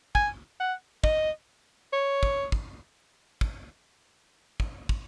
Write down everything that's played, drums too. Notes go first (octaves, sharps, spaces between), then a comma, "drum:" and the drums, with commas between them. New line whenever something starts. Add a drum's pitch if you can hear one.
G#5, drum: kick
F#5
D#5, drum: kick
C#5
drum: kick
drum: kick
drum: kick
drum: kick
drum: kick